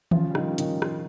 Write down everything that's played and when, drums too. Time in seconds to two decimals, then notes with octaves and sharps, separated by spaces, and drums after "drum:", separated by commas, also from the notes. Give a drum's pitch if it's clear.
0.11 C#3 F3 F4, drum: tom D#3
0.30 G3
0.35 D#3 D#4, drum: rim click
0.47 C#4
0.58 D#3 D#4, drum: hi-hat
0.64 C#3
0.82 F4, drum: rim click